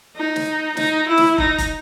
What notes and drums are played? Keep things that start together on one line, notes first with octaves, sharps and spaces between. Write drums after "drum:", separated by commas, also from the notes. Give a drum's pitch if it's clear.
D#4
drum: snare
D#4, drum: snare
E4
drum: snare
D#4, drum: kick
drum: kick, hi-hat